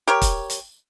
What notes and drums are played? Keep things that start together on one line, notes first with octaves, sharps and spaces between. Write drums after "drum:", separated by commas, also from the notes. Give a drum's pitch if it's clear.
G4 A#4 C#5
drum: kick, hi-hat
drum: hi-hat